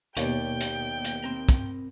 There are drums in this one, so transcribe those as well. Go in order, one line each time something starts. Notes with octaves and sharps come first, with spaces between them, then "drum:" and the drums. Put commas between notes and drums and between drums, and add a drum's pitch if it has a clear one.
D#2 B2 A#3 B3 G4 C#5 D5 G5, drum: hi-hat
drum: hi-hat
drum: hi-hat
C4 A#4
drum: kick, hi-hat